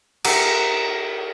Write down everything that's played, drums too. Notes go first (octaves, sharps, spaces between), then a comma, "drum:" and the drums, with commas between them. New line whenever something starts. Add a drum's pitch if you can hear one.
G4 G#4 A#4 E5 F#5 A#5, drum: cymbal